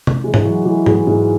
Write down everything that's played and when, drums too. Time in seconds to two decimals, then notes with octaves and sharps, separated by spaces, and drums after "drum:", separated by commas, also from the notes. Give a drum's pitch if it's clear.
0.07 drum: tom C3
0.24 E3 G#3 G#4
0.34 drum: tom
0.45 E3 F#3 F#4
0.65 E3 G#3 G#4
0.86 E3 G#3 G#4, drum: tom
1.07 G#2 G#3 G#4